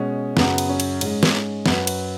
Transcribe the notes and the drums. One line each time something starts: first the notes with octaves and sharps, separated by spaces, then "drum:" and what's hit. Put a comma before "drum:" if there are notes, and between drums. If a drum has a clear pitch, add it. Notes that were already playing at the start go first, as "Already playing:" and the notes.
Already playing: B2 G#3 C#4
F#2 C#3 F#3 B3, drum: snare
drum: cymbal
C#4
drum: cymbal
G#2 G#3 C#4, drum: cymbal
drum: snare
F#2 F#3 B4, drum: snare
drum: cymbal